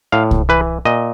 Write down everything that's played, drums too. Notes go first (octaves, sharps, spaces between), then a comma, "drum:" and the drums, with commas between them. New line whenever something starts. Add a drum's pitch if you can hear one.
A2 F5
drum: kick C2
E3 B4
A#2 D#5